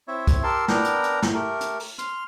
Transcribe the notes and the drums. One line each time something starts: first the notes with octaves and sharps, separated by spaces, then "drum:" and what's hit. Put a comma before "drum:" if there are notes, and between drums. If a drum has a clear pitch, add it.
C4 E4 C#5 E5
drum: kick, hi-hat
G4 A#4 A5 C6 E6
B3 D4 A#4 G5 A#5, drum: snare
drum: hi-hat
drum: hi-hat
drum: snare
A3 G4 A#4
drum: hi-hat
drum: open hi-hat
C6 F6, drum: hi-hat